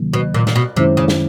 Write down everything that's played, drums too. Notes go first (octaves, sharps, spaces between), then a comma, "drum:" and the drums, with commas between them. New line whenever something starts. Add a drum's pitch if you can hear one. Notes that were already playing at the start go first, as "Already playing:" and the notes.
Already playing: D2 C3 D#3 F#3 A#3
B2
A#2
A#2, drum: snare
B2
F#2 C3 D#3 G#3 C#4 E4
C#3
drum: snare